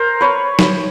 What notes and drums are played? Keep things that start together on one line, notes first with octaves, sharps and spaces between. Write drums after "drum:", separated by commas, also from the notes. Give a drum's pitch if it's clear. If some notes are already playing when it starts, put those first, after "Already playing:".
Already playing: A#4 C5
B4 C#5
drum: snare